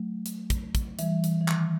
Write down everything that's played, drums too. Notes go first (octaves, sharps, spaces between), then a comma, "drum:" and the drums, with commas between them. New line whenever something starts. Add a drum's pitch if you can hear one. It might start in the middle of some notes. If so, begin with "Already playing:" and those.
Already playing: F#3 A3
drum: hi-hat
drum: kick, hi-hat
drum: kick, hi-hat
E3 G3, drum: hi-hat
E3, drum: hi-hat
E3
D#3, drum: clap